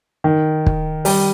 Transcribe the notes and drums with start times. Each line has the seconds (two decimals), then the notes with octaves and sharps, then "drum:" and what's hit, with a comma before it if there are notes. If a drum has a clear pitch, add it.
0.24 D#3
0.66 drum: kick
1.05 G3, drum: open hi-hat